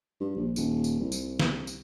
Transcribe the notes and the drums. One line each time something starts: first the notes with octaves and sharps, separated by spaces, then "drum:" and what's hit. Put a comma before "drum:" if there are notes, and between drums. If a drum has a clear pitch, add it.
G2
A#1
D#1, drum: tambourine
drum: tambourine
C2
drum: tambourine
drum: snare
drum: tambourine